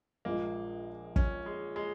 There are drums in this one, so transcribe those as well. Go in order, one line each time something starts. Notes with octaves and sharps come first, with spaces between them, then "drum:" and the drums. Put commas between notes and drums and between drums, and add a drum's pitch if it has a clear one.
A#1 A#2 G#3 A#3
C#4, drum: kick
G#3
G#3